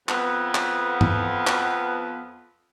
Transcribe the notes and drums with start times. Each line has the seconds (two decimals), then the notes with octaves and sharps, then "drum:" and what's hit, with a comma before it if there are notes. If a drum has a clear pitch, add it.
0.09 F2 B3, drum: clap
0.55 drum: clap
1.01 drum: tom
1.47 drum: clap